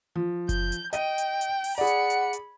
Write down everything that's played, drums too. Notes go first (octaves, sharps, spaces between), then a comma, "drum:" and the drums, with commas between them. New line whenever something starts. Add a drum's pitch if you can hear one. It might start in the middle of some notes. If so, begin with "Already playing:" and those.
F3
G6, drum: kick F#1, hi-hat
drum: hi-hat
D#5 G5 D#7, drum: hi-hat
drum: hi-hat
drum: hi-hat
drum: open hi-hat
G#4 D5 F#5 B5 C#7
drum: hi-hat
drum: hi-hat
drum: hi-hat